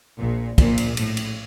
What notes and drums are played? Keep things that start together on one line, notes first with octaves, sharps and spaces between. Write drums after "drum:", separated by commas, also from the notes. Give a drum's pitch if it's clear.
A#1 A#2
A#1 A#2, drum: kick, cymbal
drum: cymbal
A2, drum: cymbal
drum: cymbal